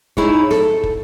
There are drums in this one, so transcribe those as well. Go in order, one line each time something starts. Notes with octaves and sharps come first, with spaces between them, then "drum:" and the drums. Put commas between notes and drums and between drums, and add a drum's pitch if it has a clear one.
D#4 E4 G#4 C#5, drum: kick
A4, drum: snare
drum: kick